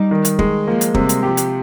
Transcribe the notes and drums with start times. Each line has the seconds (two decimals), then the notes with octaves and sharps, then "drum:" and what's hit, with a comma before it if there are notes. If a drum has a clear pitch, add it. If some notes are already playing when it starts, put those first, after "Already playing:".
Already playing: G3 D#4
0.11 D#3
0.25 drum: hi-hat
0.39 G#3, drum: kick
0.67 F3 A#3
0.81 drum: hi-hat
0.94 C3 G3, drum: kick
1.09 drum: hi-hat
1.23 F3 G4
1.37 drum: hi-hat